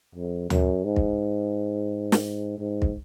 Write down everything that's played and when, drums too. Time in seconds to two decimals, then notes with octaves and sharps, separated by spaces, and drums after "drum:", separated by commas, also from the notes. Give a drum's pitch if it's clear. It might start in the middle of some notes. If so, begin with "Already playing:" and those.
0.15 F2
0.50 F#2, drum: tom D2
0.85 G#2
0.96 drum: kick
2.12 drum: snare
2.59 G#2
2.82 drum: kick